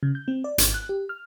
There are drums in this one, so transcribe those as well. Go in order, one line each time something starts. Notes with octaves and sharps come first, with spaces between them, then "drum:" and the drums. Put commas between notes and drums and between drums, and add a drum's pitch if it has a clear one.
C#3
G6
C4
D5
G#1, drum: hi-hat
F#6
G4
F6